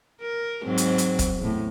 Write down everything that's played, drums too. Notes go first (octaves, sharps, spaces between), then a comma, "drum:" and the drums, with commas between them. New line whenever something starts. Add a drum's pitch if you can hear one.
A#4
G#2 F#3 C4
drum: hi-hat
drum: hi-hat
drum: kick, hi-hat
E2 A2